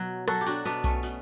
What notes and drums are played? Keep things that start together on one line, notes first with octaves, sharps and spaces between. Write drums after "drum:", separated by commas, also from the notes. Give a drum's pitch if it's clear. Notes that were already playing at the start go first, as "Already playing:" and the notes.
Already playing: B2 F#3
F#3 F#4 A4, drum: rim click
G4
D4 F#4, drum: open hi-hat
B2 B3 D4, drum: hi-hat
A3 C#4, drum: kick B1, hi-hat
B2, drum: open hi-hat